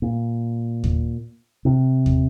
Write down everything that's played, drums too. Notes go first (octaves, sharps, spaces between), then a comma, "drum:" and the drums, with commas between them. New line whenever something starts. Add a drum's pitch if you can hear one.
A#2
drum: kick D#2
C3
drum: kick D#2